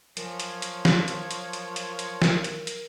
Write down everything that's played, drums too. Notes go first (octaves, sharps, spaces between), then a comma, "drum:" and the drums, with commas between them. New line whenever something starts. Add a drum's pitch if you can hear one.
F3 F#3 A#4 C#5 G#5, drum: hi-hat
drum: hi-hat
drum: hi-hat
drum: snare
drum: hi-hat
drum: hi-hat
drum: hi-hat
drum: hi-hat
drum: hi-hat
drum: snare
drum: hi-hat
drum: hi-hat